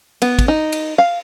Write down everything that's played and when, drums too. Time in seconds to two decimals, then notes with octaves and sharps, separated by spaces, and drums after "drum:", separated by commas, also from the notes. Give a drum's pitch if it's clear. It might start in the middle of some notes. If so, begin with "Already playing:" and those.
0.22 B3, drum: cymbal
0.39 drum: kick, cymbal
0.48 D#4
0.72 drum: cymbal
0.98 F5